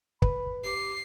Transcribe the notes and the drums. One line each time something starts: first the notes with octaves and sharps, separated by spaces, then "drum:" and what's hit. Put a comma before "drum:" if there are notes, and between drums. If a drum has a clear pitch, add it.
B4 B5, drum: kick
G4 C7